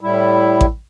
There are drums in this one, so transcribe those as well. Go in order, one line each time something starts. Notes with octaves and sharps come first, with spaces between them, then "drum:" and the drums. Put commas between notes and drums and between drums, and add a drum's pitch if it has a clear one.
A2 G3 E4
drum: kick A1